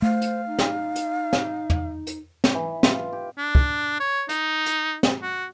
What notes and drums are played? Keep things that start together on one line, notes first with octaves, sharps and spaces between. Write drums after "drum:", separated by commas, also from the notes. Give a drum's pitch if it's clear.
A3 C5 F5
drum: hi-hat
D#4
drum: snare
drum: hi-hat
drum: snare
drum: tom E2
drum: hi-hat
drum: snare
E3
F4, drum: snare
G4
D4
drum: kick
C#5
D#4, drum: hi-hat
drum: hi-hat
drum: snare
F#4